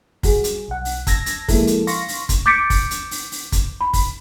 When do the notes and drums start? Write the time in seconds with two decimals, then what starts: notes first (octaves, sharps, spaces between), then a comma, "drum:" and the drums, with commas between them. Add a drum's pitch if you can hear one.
0.23 G3 F#4 G#4, drum: kick, open hi-hat
0.44 drum: hi-hat
0.68 B1 F#5
0.85 drum: open hi-hat
1.07 A5 E6 G#6 A#6, drum: kick, hi-hat
1.26 drum: hi-hat
1.48 F3 G#3 A#3 E4 A4, drum: kick, open hi-hat
1.67 drum: hi-hat
1.87 F5 C6 C#6 A#6, drum: open hi-hat
2.08 drum: open hi-hat
2.29 drum: kick, hi-hat
2.46 D6 G6 A6 B6 C#7 D7
2.70 drum: kick, open hi-hat
2.91 drum: hi-hat
3.11 drum: open hi-hat
3.32 drum: open hi-hat
3.52 drum: kick, hi-hat
3.81 B5
3.93 drum: kick, open hi-hat